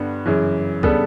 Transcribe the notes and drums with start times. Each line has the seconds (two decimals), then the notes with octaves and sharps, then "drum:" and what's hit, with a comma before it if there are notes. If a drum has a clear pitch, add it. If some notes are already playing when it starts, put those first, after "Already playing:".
Already playing: G2 D3 G3 B3
0.26 F#2 C#3 E3
0.83 C#3 G3 B3 D4 A4, drum: kick